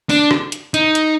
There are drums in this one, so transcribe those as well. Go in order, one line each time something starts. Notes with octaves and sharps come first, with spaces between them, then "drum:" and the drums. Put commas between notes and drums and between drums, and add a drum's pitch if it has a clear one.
D4, drum: open hi-hat
drum: rim click
drum: hi-hat
D#4, drum: hi-hat
drum: hi-hat